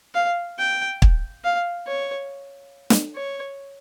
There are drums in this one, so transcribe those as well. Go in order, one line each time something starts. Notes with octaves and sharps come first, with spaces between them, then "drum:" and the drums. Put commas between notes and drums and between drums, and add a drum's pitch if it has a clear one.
F5
G5
drum: kick
F5
C#5
drum: snare
C#5